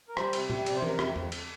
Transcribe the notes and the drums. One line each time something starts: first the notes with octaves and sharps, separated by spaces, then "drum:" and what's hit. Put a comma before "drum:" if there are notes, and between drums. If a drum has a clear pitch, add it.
A#4
G3 C5, drum: rim click
C3, drum: cymbal
G3, drum: tom A#2
C3 D5, drum: cymbal
C5
C3 A#4, drum: tom E3
F2, drum: rim click
F2, drum: tom E2
drum: cymbal